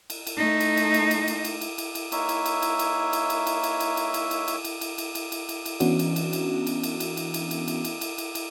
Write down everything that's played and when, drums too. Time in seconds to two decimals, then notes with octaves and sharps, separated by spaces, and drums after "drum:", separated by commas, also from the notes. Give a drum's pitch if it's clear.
0.10 drum: cymbal
0.27 drum: cymbal
0.38 A3 D#4
0.60 drum: cymbal
0.77 drum: cymbal
0.94 drum: cymbal
1.11 drum: cymbal
1.28 drum: cymbal
1.44 drum: cymbal
1.61 drum: cymbal
1.78 drum: cymbal
1.95 drum: cymbal
2.12 A#3 D#4 E4 C#5 E5 G#5, drum: cymbal
2.29 drum: cymbal
2.46 drum: cymbal
2.62 drum: cymbal
2.79 drum: cymbal
3.13 drum: cymbal
3.30 drum: cymbal
3.47 drum: cymbal
3.63 drum: cymbal
3.80 drum: cymbal
3.97 drum: cymbal
4.14 drum: cymbal
4.31 drum: cymbal
4.48 drum: cymbal
4.64 drum: cymbal
4.81 drum: cymbal
4.98 drum: cymbal
5.15 drum: cymbal
5.32 drum: cymbal
5.49 drum: cymbal
5.66 drum: cymbal
5.80 E3 B3 C#4 D4 F#4, drum: cymbal
5.99 drum: cymbal
6.16 drum: cymbal
6.33 drum: cymbal
6.67 drum: cymbal
6.83 drum: cymbal
7.00 drum: cymbal
7.17 drum: cymbal
7.34 drum: cymbal
7.51 drum: cymbal
7.68 drum: cymbal
7.84 drum: cymbal
8.01 drum: cymbal
8.18 drum: cymbal
8.35 drum: cymbal